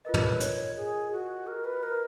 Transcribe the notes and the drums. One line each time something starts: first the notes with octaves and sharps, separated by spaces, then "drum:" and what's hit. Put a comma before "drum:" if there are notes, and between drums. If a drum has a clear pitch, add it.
F4 A#4 B4 D#5
drum: tom
C#5, drum: hi-hat
G#4
F#4
A#4
B4
A#4